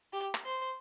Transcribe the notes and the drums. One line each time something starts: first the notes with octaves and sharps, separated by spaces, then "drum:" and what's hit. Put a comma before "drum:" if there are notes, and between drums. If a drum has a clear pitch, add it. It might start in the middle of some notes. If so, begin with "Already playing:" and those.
G4
drum: clap
C5